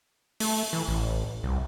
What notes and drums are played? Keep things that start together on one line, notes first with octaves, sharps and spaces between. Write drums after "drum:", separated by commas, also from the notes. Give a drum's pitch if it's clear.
A3, drum: open hi-hat
E3
A1
C2